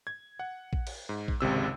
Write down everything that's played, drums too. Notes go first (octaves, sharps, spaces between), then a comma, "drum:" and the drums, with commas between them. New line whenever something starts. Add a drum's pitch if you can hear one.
G#6
F#5
drum: kick
drum: cymbal
G#2
drum: kick
G#1 C#2 C3 E6